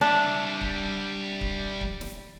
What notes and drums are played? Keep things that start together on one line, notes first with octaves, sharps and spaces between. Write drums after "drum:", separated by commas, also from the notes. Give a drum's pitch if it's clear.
G3 D4 E5
drum: kick C#1
drum: kick C#1
drum: kick C#1
drum: snare